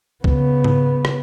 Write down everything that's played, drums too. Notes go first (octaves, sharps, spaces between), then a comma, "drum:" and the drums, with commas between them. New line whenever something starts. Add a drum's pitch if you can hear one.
C#3 B3, drum: kick
drum: tom G#2
drum: rim click